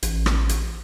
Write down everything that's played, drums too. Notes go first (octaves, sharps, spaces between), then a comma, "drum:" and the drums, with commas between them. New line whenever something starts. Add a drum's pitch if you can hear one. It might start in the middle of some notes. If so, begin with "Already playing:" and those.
A1, drum: hi-hat
drum: rim click
drum: hi-hat